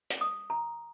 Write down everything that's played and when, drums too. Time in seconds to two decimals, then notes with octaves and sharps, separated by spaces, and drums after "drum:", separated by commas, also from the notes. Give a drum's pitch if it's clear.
0.10 drum: hi-hat
0.21 D#6
0.50 A#5